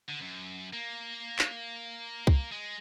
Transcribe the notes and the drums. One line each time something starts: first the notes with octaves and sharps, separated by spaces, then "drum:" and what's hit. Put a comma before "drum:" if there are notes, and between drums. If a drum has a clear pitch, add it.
D3
F#2
A#3
drum: clap
drum: kick C2
G#3